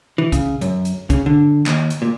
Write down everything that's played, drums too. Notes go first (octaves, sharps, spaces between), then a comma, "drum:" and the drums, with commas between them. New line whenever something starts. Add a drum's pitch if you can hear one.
E3
C#3, drum: kick B1, hi-hat
F#2, drum: hi-hat
drum: hi-hat
C#3, drum: kick B1, hi-hat
D3
D#2, drum: clap
drum: hi-hat
A#2